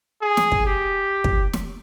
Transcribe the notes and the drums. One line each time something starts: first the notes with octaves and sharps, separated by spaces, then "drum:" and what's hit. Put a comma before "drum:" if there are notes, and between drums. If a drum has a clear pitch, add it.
G#4
drum: snare
drum: kick
G4
drum: kick
drum: snare